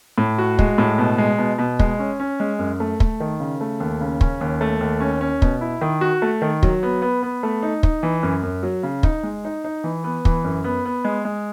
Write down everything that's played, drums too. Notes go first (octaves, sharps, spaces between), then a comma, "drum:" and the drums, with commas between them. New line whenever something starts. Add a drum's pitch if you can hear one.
A2
F#4
G#3, drum: kick
A2
B2
G#3
B2
B2
G#3, drum: kick
C#4
C#4
G#3
F#2
A3
A3, drum: kick
D#3
C#3
A3
D#2
C#3
C#4, drum: kick
D#2
A3
D#2
C#4
C#4
B2, drum: kick
E4
D#3
F#4
A3
D#3
F#3, drum: kick
B3
B3
B3
A3
D#4
D#4, drum: kick
E3
F#2
F#2
F#3
C#3
D#4, drum: kick
G#3
D#4
D#4
E3
B3
E3, drum: kick
F#2
B3
B3
G#3
G#3